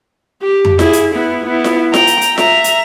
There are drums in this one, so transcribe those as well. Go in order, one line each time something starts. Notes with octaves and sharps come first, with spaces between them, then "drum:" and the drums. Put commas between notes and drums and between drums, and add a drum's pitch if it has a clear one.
G4
drum: tom F2
E4 G#4, drum: snare F4
drum: hi-hat
B3 E4
B3 E4
drum: snare F4
G5 A#5, drum: snare F4
drum: hi-hat
drum: hi-hat
E5 A#5, drum: snare F4
drum: hi-hat